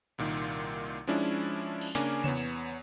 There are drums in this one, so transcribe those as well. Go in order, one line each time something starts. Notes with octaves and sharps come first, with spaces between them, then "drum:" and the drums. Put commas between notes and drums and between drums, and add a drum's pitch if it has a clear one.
C2 A#2 D#3 F4
drum: hi-hat
F3 G#3 C#4 D4 E4, drum: open hi-hat
drum: cymbal
C#3 A#3 C#4 D4 G#5 D6, drum: snare
E2 B3 C#5 E7, drum: tom C3
drum: open hi-hat